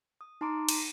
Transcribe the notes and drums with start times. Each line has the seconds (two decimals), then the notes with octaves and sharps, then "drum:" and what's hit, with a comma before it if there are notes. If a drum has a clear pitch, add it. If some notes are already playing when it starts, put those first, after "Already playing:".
0.21 D#6
0.41 D#4 A5 A#5 C6 D6 D7
0.69 drum: cymbal